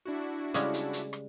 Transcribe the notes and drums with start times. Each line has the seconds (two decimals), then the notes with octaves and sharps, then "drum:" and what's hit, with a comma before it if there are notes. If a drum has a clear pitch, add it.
0.06 D4 E4 F#4
0.54 C#3 G3 G#3, drum: hi-hat
0.74 drum: hi-hat
0.93 drum: hi-hat
1.13 drum: rim click